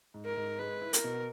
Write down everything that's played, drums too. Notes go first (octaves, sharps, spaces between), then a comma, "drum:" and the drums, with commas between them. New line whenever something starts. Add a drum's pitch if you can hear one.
G#2
A#4
G#2
G#3 B4
E4
A#4, drum: hi-hat
B2